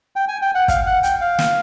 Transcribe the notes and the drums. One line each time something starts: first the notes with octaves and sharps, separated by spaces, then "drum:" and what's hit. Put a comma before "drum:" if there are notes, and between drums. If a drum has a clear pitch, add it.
G5
G#5
G5
F#5
F5, drum: kick, hi-hat
F#5
G5, drum: hi-hat
F5
drum: snare